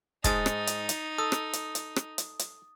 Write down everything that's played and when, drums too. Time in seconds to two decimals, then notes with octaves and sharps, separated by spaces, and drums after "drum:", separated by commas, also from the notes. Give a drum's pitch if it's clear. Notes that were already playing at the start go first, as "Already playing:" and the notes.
0.24 G#2 G#3 D#4 A5 D#6 A6, drum: kick, hi-hat
0.46 drum: rim click
0.67 drum: hi-hat
0.89 drum: hi-hat
1.18 A4 D#6
1.32 drum: rim click
1.53 drum: hi-hat
1.75 drum: hi-hat
1.96 drum: rim click
2.18 drum: hi-hat
2.39 drum: hi-hat